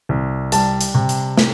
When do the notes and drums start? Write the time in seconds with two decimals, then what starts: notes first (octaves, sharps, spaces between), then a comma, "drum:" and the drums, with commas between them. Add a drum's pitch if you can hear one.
0.09 C2
0.52 G3 A5, drum: hi-hat
0.81 drum: hi-hat
0.94 C3
1.09 drum: hi-hat
1.38 drum: snare